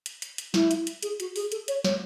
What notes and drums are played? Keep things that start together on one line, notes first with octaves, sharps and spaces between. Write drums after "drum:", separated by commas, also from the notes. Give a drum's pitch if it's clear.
drum: hi-hat
drum: hi-hat
drum: hi-hat
E4, drum: snare
drum: hi-hat
drum: hi-hat
G#4, drum: hi-hat
F#4, drum: hi-hat
G#4, drum: open hi-hat
A4, drum: hi-hat
C#5, drum: hi-hat
C#5, drum: snare